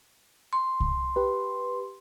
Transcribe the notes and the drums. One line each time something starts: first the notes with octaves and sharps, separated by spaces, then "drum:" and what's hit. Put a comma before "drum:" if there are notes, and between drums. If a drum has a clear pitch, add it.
C6
drum: kick C2
G4 B4